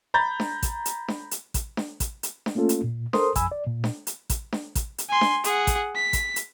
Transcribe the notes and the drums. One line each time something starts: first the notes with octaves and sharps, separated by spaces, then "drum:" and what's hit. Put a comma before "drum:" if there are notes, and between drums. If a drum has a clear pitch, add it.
A#5 B5 G6 A6
drum: snare D4
drum: kick, hi-hat
drum: hi-hat
drum: snare D4
drum: hi-hat
drum: kick, hi-hat
drum: snare D4
drum: kick, hi-hat
drum: hi-hat
drum: snare D4
A3 A#3 C#4 F4 A4
drum: hi-hat
A#2
A4 A#4 C5 C6 D#6, drum: snare D4
F2 G#5 B5 E6, drum: kick, hi-hat
D5
A#2
drum: snare D4
drum: hi-hat
drum: kick, hi-hat
drum: snare D4
drum: kick, hi-hat
drum: hi-hat
G#5 C6
drum: snare D4
G#4 F#5, drum: hi-hat
drum: kick, hi-hat
B6
drum: kick, hi-hat
drum: hi-hat